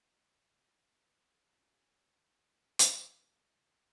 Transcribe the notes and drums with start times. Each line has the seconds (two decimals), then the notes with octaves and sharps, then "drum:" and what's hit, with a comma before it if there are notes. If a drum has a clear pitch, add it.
1.59 C#4 D4 F#4 G#4
2.79 drum: hi-hat
2.98 C#2